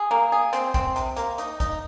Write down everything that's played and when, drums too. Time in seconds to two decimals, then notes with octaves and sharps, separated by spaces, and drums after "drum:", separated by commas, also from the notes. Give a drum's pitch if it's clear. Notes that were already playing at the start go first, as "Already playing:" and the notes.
Already playing: G#4
0.11 A#3
0.32 G#4
0.53 C4, drum: hi-hat
0.74 C4, drum: kick, hi-hat
0.96 C3, drum: hi-hat
1.17 A#3, drum: hi-hat
1.38 D#4, drum: hi-hat
1.60 D#4, drum: kick, hi-hat